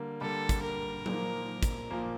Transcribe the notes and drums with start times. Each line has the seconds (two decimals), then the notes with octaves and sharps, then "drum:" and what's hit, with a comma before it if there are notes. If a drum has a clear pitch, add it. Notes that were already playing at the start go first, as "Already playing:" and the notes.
Already playing: D3 G3 A#3
0.21 D3 G3 A#3 A4
0.49 drum: kick, hi-hat
0.63 A#4
1.06 A#2 F3 A#3, drum: tom F#3
1.63 drum: kick, hi-hat
1.90 A#2 F3 A#3